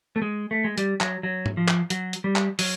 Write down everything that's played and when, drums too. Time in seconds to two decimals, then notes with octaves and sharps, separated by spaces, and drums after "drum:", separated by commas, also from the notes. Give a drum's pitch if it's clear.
0.16 A3
0.22 G#3
0.51 A3
0.64 G#3
0.78 G3, drum: hi-hat
1.01 F#3, drum: clap
1.23 F#3
1.46 drum: tom G#2
1.57 F3
1.68 drum: clap
1.90 F#3, drum: hi-hat
2.13 drum: hi-hat
2.24 G3
2.36 drum: clap
2.59 F#3, drum: open hi-hat